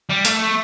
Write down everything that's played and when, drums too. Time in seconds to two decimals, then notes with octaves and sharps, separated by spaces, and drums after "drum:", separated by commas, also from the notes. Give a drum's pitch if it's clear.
0.09 G3
0.25 A3, drum: hi-hat